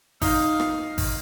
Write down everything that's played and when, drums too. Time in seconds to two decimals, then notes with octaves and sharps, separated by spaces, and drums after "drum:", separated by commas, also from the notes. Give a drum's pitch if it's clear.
0.22 D#4 F5, drum: kick G#1, open hi-hat
0.60 drum: rim click
0.98 drum: kick G#1, open hi-hat